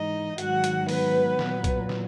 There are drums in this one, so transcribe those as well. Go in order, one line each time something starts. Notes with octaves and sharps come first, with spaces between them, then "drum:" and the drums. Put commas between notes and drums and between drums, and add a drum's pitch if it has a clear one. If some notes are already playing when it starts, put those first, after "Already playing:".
Already playing: G#2 E3 D#4 D#5
G#2 D#3 F#3 F#4 F#5, drum: hi-hat
drum: hi-hat
B3 B4, drum: open hi-hat
A#2 F#3, drum: snare
drum: kick, hi-hat
drum: snare